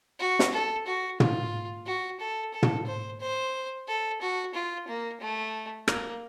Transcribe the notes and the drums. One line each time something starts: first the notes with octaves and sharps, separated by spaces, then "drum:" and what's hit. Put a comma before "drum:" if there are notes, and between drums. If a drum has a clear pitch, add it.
F#4
drum: snare
A4
F#4
F4, drum: tom
F#4
A4
A4
drum: tom
C5
C5
A4
F#4
F4
A#3
A3
A#3, drum: rim click